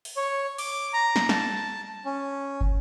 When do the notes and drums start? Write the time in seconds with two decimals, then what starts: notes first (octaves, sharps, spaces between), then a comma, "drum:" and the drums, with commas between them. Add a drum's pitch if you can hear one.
0.05 drum: open hi-hat
0.17 C#5
0.58 D6, drum: open hi-hat
0.93 A#5
1.16 drum: snare
1.29 A5, drum: snare
2.05 C#4
2.61 drum: kick